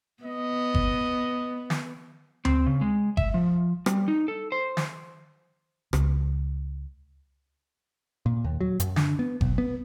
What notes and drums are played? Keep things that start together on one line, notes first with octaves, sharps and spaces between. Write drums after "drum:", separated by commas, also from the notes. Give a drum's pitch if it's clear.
B3 D#5
drum: kick G1
drum: snare
C4, drum: tom D2
C#3
G#3
E5, drum: kick G1
F3
G3, drum: rim click
D#4
A4
C5
drum: snare
C#2, drum: rim click
A#2
D#2
F#3
F#2, drum: hi-hat
D3, drum: snare
B3
B1, drum: kick G1
B3